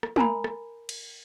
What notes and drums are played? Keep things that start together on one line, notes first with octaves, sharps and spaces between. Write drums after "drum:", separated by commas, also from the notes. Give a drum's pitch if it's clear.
drum: rim click
A#4 G#5 A#5 B5, drum: tom
drum: rim click
drum: cymbal